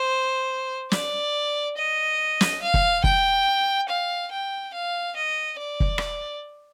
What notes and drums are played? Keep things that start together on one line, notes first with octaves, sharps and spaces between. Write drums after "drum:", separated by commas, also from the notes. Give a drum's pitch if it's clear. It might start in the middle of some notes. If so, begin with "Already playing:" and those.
Already playing: C5
D5, drum: snare
D#5
drum: snare
F5
drum: kick
G5, drum: kick
F5
G5
F5
D#5
D5
drum: kick
drum: rim click